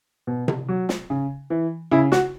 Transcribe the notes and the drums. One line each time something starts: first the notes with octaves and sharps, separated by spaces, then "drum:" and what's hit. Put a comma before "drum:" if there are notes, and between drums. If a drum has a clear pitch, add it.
B2
drum: tom C3
F#3
drum: snare
C#3
E3
C#3 E4
F#4, drum: snare